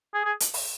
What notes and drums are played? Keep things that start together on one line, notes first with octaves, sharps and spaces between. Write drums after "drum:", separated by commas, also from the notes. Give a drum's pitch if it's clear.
G#4
G#4
drum: hi-hat
drum: open hi-hat